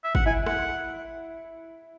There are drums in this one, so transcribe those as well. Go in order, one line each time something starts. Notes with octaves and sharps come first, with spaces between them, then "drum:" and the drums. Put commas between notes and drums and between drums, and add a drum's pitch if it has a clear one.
E5
F#5, drum: kick
E4 G#5
F#5, drum: rim click